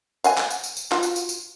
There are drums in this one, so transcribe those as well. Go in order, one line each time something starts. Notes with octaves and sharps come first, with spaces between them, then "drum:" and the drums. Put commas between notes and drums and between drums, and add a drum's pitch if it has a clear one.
F5 F#5 G#5, drum: tambourine
drum: clap
drum: tambourine
drum: tambourine
drum: tambourine
F4 F#4, drum: clap
drum: tambourine
drum: tambourine
drum: tambourine